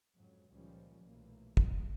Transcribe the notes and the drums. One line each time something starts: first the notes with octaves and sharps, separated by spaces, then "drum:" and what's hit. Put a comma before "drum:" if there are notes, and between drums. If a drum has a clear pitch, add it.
F2 G#2 C#3 F#3
C#2 A#2 D#3 F3 G3 C#4
B1 A#2 E3 A3 A#3
drum: kick